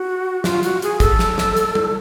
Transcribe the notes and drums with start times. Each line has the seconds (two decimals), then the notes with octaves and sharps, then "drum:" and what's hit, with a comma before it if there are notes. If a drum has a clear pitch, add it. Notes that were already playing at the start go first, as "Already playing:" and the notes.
Already playing: F#4
0.44 F4, drum: snare
0.63 F#4, drum: hi-hat
0.82 G#4, drum: hi-hat
1.00 A4, drum: kick, hi-hat
1.19 drum: snare
1.38 drum: snare
1.57 drum: hi-hat
1.75 drum: tom